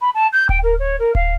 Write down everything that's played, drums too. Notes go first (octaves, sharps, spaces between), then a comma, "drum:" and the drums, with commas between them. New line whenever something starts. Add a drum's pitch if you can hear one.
B5
A5
G6
G5, drum: kick D1
A#4
C#5
A#4
F5, drum: kick D1